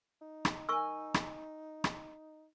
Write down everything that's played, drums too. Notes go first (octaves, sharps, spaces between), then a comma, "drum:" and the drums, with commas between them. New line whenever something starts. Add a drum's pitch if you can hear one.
D#4
drum: rim click
A#4 G#5 C#6 E6
drum: rim click
drum: rim click